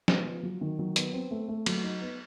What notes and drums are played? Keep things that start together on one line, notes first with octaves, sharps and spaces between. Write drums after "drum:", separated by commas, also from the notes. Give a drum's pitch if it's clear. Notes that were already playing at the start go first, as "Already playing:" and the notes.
B3, drum: snare
F3
F#3
D#3
F#3
B3, drum: hi-hat
C4
A3
A3
F#3, drum: cymbal
D#4
B3